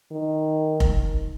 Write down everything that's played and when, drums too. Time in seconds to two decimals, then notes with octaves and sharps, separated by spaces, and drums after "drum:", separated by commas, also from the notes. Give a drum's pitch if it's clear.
0.12 D#3
0.80 drum: kick F1